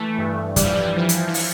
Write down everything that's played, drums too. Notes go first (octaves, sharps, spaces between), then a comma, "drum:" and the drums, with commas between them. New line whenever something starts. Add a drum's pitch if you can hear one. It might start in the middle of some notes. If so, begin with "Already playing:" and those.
Already playing: E3 A3
G2
E3 G3, drum: kick, hi-hat
F3
G3
E3 F3
drum: hi-hat
E3
F3, drum: open hi-hat